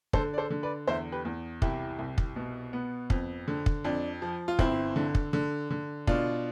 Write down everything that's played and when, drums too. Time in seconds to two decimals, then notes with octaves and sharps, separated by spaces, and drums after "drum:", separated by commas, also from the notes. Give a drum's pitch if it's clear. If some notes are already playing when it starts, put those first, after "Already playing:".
0.13 D3 A4 C5, drum: kick
0.34 D5
0.38 A4 C5
0.50 D3
0.63 B4 D5
0.87 E2 C5 E5
1.12 G4 B4
1.25 E2
1.62 C2 E4 G4, drum: kick
1.99 C2
2.18 drum: kick
2.36 B2
2.73 B3
3.10 F2, drum: kick
3.48 D3
3.66 drum: kick
3.84 F2 D4
4.22 F3
4.48 F4
4.59 G1 C4 E4, drum: kick
4.96 D3
5.15 drum: kick
5.33 D3
5.70 D3
6.07 B2 D4 F4, drum: kick